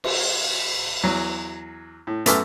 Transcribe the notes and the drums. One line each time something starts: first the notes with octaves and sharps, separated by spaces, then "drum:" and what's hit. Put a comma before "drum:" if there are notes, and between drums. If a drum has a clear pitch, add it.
drum: cymbal
E2 F#3
A2
F#2 A3 B3 D6 E6 F6, drum: hi-hat